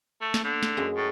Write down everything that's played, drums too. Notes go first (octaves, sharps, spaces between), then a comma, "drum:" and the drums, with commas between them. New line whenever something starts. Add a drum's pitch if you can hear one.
A3
drum: snare
D3
drum: snare
F#2 F#3 G#3
A2